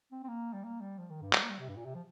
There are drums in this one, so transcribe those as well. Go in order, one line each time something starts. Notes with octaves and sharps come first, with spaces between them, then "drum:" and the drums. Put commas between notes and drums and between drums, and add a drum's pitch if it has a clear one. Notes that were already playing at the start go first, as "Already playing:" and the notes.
C4
C4
A#3
G3
A#3
G3
F3
D#3
G2
G3, drum: clap
A#3
G3
C3
G2
A#2
C3
F3